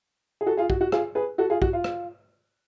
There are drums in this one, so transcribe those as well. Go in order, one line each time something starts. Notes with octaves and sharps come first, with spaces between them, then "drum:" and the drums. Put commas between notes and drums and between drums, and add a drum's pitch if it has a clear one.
G#4
F#4 A4
F4 G#4
F#4, drum: kick
F#4
F4 G#4, drum: rim click
G#4 B4
F#4 A4
F4 G#4
F#4, drum: kick
F4
drum: rim click